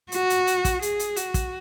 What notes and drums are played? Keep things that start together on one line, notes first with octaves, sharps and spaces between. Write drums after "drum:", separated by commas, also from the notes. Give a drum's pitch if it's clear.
F#4, drum: hi-hat
drum: hi-hat
drum: hi-hat
drum: kick, hi-hat
G#4, drum: hi-hat
drum: hi-hat
F#4, drum: hi-hat
drum: kick, hi-hat